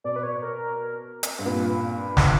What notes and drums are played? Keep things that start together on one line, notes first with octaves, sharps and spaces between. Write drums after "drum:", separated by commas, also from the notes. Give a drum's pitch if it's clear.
B2 D5
B4
C#5
A#4
drum: hi-hat
G2
A#2 B4
drum: snare